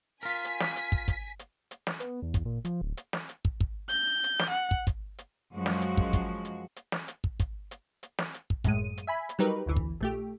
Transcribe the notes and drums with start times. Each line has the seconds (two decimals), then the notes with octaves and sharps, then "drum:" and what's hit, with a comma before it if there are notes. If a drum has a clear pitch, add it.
0.23 F4 A#4 G#5 B6
0.45 drum: hi-hat
0.60 drum: snare
0.76 drum: hi-hat
0.92 drum: kick
1.08 drum: kick, hi-hat
1.39 drum: hi-hat
1.71 drum: hi-hat
1.87 drum: snare
2.00 B3, drum: hi-hat
2.22 E2
2.34 drum: kick, hi-hat
2.45 A#2
2.65 F3, drum: hi-hat
2.82 D1
2.97 drum: hi-hat
3.13 drum: snare
3.29 drum: hi-hat
3.45 drum: kick
3.60 drum: kick
3.89 G6, drum: hi-hat
4.24 drum: hi-hat
4.39 drum: snare
4.50 F#5
4.71 drum: kick
4.87 drum: kick, hi-hat
5.18 drum: hi-hat
5.54 F#2 F3 F#3 G#3 F#4
5.66 drum: snare
5.82 drum: hi-hat
5.97 drum: kick
6.13 drum: kick, hi-hat
6.45 drum: hi-hat
6.76 drum: hi-hat
6.92 drum: snare
7.08 drum: hi-hat
7.24 drum: kick
7.40 drum: kick, hi-hat
7.71 drum: hi-hat
8.03 drum: hi-hat
8.19 drum: snare
8.34 drum: hi-hat
8.50 drum: kick
8.64 F#2 A2 G#3 D#7, drum: kick, hi-hat
8.98 drum: hi-hat
9.07 E5 G#5 B5
9.29 drum: hi-hat
9.39 F#3 G3 D#4 G4 A#4 B4
9.66 G1 D2 E3
9.77 drum: kick
10.00 A#1 A3 G4